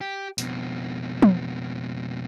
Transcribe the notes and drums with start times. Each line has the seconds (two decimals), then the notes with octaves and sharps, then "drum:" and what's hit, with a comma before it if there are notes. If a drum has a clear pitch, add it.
0.01 G4
0.38 F2 B2, drum: hi-hat
1.22 drum: tom